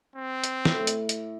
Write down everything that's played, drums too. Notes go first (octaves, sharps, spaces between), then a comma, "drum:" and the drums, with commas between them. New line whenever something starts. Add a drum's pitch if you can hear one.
C4
drum: hi-hat
A2, drum: snare
drum: hi-hat
drum: hi-hat